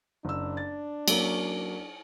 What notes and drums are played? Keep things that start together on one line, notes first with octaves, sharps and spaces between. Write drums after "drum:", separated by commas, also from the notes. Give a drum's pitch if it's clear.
F#1 D4 E6
A6
F#3 A#3 C#4, drum: cymbal